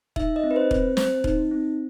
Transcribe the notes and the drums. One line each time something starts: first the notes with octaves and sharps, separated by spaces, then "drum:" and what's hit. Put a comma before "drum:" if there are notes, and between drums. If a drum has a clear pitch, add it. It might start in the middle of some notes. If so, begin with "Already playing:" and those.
D#4 E5, drum: kick E1
D#5
C4
B4
C5
C4, drum: kick E1
C4 C5, drum: snare
D#4, drum: kick E1
C4